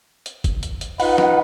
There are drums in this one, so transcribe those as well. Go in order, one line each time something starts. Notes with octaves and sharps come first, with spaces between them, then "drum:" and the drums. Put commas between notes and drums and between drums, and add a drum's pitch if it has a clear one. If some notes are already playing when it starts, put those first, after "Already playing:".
drum: hi-hat
drum: kick F#1, hi-hat
drum: hi-hat
drum: hi-hat
D#4 F4 B4 F#5, drum: open hi-hat
drum: snare